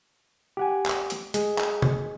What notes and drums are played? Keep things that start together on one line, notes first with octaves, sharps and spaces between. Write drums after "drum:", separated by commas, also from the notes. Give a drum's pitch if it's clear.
G4 F#5 G#5
drum: clap
drum: hi-hat
G#3, drum: hi-hat
drum: clap
drum: tom